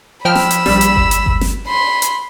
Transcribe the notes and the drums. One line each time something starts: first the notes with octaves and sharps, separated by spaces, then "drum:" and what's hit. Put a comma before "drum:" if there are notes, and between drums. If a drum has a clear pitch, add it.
F3 G5 B5 E6 F6
drum: snare
drum: hi-hat
A#1 G3, drum: snare
drum: hi-hat
drum: kick G1
drum: hi-hat
drum: kick G1
drum: snare
B5 C6
drum: hi-hat